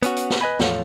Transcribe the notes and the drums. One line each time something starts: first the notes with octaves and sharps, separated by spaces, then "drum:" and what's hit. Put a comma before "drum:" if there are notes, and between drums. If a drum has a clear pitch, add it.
B3 C#4 F#4, drum: hi-hat
drum: hi-hat
drum: snare
B4 D#5 G#5 B5
E2 A2 F3 A4 C#5 F5, drum: snare